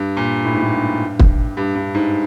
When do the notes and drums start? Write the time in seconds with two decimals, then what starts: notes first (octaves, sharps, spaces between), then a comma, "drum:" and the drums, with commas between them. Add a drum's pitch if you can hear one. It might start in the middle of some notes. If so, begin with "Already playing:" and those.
Already playing: G2
0.17 A#2
0.45 A2
0.54 G#2
0.62 A2
0.72 G2
1.19 drum: kick
1.57 G2
1.75 G2
1.94 G#2